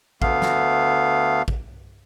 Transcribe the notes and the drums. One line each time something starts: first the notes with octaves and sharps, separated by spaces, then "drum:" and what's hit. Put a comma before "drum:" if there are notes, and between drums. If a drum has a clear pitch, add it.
D2 A3 B3 F5, drum: kick
drum: snare
drum: kick